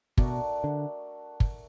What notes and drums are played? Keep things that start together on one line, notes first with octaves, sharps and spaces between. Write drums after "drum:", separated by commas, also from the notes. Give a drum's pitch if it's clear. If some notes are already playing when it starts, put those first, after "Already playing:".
B2 A3 D4 F#4 A#4, drum: kick
D3
drum: kick